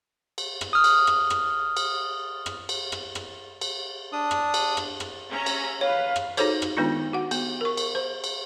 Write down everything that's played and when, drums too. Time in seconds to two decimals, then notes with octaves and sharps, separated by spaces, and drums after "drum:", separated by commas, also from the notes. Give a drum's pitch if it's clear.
0.38 drum: cymbal
0.61 drum: rim click
0.73 D#6 F6
0.84 drum: cymbal
1.07 drum: rim click
1.30 drum: rim click
1.77 drum: cymbal
2.46 drum: rim click
2.69 drum: cymbal
2.92 drum: rim click
3.15 drum: rim click
3.61 drum: cymbal
4.12 D4 D#6
4.31 drum: rim click
4.54 drum: cymbal
4.77 drum: rim click
5.00 drum: rim click
5.32 C#4 E5 A#5
5.46 drum: cymbal
5.81 B4 C#5 F5
6.16 drum: rim click
6.37 D#4 F#4 G#4 A4 C5 C#5, drum: cymbal
6.62 drum: rim click
6.77 D#3 G#3 B3 D4 D#4 F4
7.13 F#4 F#5
7.31 B3, drum: cymbal
7.61 A#4 C#6
7.77 drum: cymbal
7.95 C5
8.24 drum: cymbal